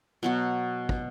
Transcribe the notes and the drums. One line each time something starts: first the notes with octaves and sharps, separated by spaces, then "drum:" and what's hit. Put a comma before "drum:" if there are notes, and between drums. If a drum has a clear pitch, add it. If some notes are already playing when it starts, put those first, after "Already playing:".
B2 F#3 F#4
drum: kick